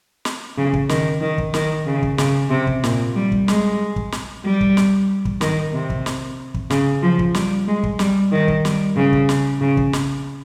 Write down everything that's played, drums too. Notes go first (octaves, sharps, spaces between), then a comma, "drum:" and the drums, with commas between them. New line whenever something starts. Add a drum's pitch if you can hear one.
drum: snare
C#3
drum: kick
D#3, drum: snare
D#3
drum: kick
D#3, drum: snare
C#3
drum: kick
C#3, drum: snare
C3
drum: kick
A#2, drum: snare
G3
drum: kick
G#3, drum: snare
drum: kick
drum: snare
G3
drum: kick
drum: snare
drum: kick
D#3, drum: snare
C3
drum: kick
drum: snare
drum: kick
C#3, drum: snare
F3
drum: kick
G3, drum: snare
G#3
drum: kick
G3, drum: snare
D#3
drum: kick
G3, drum: snare
C#3
drum: kick
drum: snare
C#3
drum: kick
drum: snare